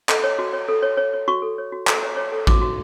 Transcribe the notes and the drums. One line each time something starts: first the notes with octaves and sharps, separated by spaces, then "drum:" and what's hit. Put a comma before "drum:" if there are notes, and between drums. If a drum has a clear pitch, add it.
A4, drum: clap
C#5
F#4
C#5
A4
C#5
C#5
C#5
F#4 C#6
A4
C#5
F#4
A4, drum: clap
C#5
C#5
A4
F#4 D6, drum: kick A1
F#4